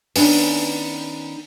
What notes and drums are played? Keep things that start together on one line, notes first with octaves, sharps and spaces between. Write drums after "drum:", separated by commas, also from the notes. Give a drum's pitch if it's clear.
D#3 B3 C#4 D4 B4, drum: open hi-hat